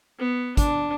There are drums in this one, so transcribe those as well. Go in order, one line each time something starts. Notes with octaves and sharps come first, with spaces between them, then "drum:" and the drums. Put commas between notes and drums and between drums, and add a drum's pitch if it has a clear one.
B3
D4, drum: kick, hi-hat